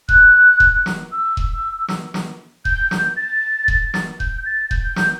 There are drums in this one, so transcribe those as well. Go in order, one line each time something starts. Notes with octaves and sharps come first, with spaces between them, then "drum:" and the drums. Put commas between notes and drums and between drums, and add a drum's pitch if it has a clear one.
F#6, drum: kick E1
drum: kick E1
drum: snare
E6
drum: kick E1
drum: snare
drum: snare
G6, drum: kick E1
drum: snare
A6
drum: kick E1
drum: snare
G6, drum: kick E1
A6
G6, drum: kick E1
drum: snare